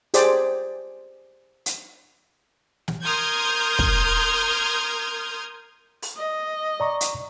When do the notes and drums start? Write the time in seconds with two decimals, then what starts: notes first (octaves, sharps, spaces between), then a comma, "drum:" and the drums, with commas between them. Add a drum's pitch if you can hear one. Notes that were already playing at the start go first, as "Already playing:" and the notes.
0.14 G4 G#4 C5 D5, drum: hi-hat
1.66 drum: hi-hat
2.88 drum: snare
3.02 A#4 C6 D#6 F6 G6 G#6
3.79 drum: kick
6.02 drum: open hi-hat
6.17 D#5
6.80 D5 A#5 C#6
7.01 drum: hi-hat